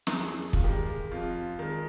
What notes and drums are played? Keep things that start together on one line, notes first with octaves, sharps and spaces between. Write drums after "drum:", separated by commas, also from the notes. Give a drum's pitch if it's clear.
A#4, drum: snare
F2 G#4
F4, drum: kick
D#3 G#3 G4
F2 F4
D#3 G#3